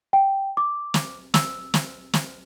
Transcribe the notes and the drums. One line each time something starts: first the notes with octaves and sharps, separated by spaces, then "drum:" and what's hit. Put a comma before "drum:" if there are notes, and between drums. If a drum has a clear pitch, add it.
G5
D6
drum: snare
E6, drum: snare
drum: snare
drum: snare